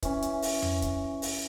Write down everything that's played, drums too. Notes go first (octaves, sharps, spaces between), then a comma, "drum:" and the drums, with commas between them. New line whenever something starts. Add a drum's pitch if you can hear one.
E3 C#4, drum: kick, hi-hat
drum: hi-hat
drum: open hi-hat
drum: tom F2
drum: kick, hi-hat
drum: open hi-hat